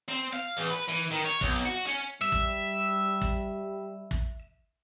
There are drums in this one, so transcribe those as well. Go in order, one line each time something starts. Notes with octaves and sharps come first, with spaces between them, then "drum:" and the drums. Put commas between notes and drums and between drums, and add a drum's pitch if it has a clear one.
C4
F5
E2
B4
E3
D#3
C#5
B1, drum: kick
F#4
C#4
G3 E5
drum: kick
drum: kick
drum: kick